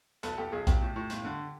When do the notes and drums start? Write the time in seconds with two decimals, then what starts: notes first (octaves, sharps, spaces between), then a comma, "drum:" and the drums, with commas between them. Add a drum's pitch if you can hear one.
0.23 B1 A4 B4, drum: hi-hat
0.37 B1 G4 A4
0.52 B1 G#4
0.67 B1 G4, drum: kick A#1, hi-hat
0.81 A2
0.96 A2
1.10 G1, drum: hi-hat
1.25 D3